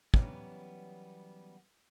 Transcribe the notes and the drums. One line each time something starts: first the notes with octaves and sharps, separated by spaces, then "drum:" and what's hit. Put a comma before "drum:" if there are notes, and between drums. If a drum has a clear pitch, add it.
E3 F#3 G3 B3 C#4, drum: kick